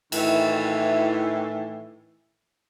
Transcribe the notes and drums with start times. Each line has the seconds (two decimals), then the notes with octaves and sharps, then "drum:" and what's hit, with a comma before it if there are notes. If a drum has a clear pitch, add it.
0.12 A2 D#3 E3, drum: cymbal